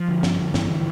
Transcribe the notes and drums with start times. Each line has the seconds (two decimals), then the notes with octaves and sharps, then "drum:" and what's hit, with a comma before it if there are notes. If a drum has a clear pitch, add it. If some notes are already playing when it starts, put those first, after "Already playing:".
Already playing: F3
0.08 D3
0.23 G2, drum: snare
0.39 D3
0.54 G2 E3, drum: snare
0.70 D3